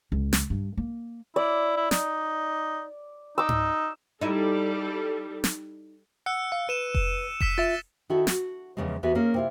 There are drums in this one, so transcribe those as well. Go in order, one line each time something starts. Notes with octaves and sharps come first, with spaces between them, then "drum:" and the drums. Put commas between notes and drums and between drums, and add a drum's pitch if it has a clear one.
C#2
drum: snare
G2
A#3
E4 D5
E4
D#4, drum: snare
D#4 D6 E6
drum: tom G#2
G3 D#4 E4 A4
drum: snare
F#5 E6 F#6 C#7
F5
B4 D#7 E7
drum: kick F1
E6 B6 E7, drum: kick F1
F4 E5 A6 E7
D#3 E4 F#4 A4
F#4, drum: snare
E2 G#2 C#3 F3 G#3
E2 B3 F#4 B4 E5
A#3 C#4 G#4
C3 E4 F4